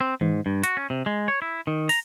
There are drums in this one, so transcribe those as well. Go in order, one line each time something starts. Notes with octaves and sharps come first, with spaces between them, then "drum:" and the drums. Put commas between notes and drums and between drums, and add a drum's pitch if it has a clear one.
C4
G#2, drum: tom D#3
G2
F#4, drum: hi-hat
C#4
C3
G#3
C#5
E4
D#3
A#5, drum: open hi-hat